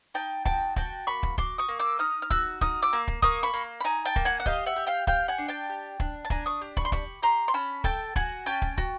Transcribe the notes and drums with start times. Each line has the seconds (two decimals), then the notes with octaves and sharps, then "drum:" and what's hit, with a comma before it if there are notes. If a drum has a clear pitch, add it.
0.14 D#4 G5 A5
0.45 F#4 G5 A5, drum: kick
0.76 F#4 G5 A5, drum: kick
1.07 A#3 B5 C#6
1.23 drum: kick
1.38 F#4 C6 D6, drum: kick
1.58 C#6 D#6
1.68 A#3
1.79 D6 E6
1.99 D#4 D#6 F6
2.22 F6
2.30 F#4 E6 F#6, drum: kick
2.61 D#4 D#6 F6, drum: kick
2.82 D6 E6
2.93 A#3
3.08 drum: kick
3.22 A#3 C#6 D#6, drum: kick
3.43 B5 C#6
3.53 A#3
3.80 B5
3.84 D#4 G#5 A#5
4.05 G5 A5
4.16 A#3, drum: kick
4.25 F#5 G#5
4.40 F#5
4.46 G4 D#5 F5, drum: kick
4.66 E5 F#5
4.76 G4
4.87 F5 G5
5.07 G4 F5 G5, drum: kick
5.28 F#5 G#5
5.38 D4
5.48 G5 A5
5.70 G4
6.00 D4, drum: kick
6.25 A5
6.30 D4 G#5 A#5, drum: kick
6.46 C#6 D#6
6.61 G4
6.77 B5 C#6, drum: kick
6.85 C6
6.92 G4 B5 C#6, drum: kick
7.22 G4 A#5 C6
7.48 C6
7.54 C#4 A5 B5
7.84 A4 G5 A5, drum: kick
8.16 F#4 F#5 G#5, drum: kick
8.46 C#4 G5 A5
8.62 drum: kick
8.78 F#4, drum: kick